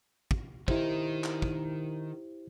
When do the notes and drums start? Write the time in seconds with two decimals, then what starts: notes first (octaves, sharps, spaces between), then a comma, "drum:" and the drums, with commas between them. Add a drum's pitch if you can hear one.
0.31 drum: kick
0.68 D#3 D#4 E4 G4 C5, drum: kick
1.24 drum: clap
1.42 drum: kick